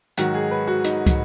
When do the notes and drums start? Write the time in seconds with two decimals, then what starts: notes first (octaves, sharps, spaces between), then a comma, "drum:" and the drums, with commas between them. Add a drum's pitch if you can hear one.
0.18 G#2 D#3 F#3 F#4, drum: hi-hat
0.34 G#4
0.51 B4
0.67 F#4
0.84 D#4, drum: hi-hat
1.06 drum: kick, hi-hat